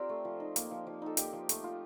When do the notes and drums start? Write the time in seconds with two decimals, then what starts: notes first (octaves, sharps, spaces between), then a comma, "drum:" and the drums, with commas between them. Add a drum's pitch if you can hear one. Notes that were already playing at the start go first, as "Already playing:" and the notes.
Already playing: C4 F4 G4 A#4 C5 D5
0.09 A3
0.25 F3
0.40 D#4
0.56 A#3, drum: hi-hat
0.71 F3
0.87 F3
1.02 D#4 A4
1.17 A#3 G4, drum: hi-hat
1.33 F3
1.49 A3, drum: hi-hat
1.64 F4